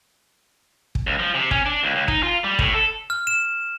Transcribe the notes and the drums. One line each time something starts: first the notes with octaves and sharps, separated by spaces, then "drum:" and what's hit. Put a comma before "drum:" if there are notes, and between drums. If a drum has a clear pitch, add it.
drum: kick
C#2
F3
C3
C#4, drum: kick
D4
C#2
C#2
D#4, drum: kick
F4
G3
A2, drum: kick
A4
F6
E7